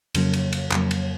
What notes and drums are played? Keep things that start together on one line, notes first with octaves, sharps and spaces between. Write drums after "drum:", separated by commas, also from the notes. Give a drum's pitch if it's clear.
F2 C#3 F#3 A#3, drum: cymbal
drum: cymbal
drum: cymbal
F2 C#3 F#3 A#3, drum: clap
drum: cymbal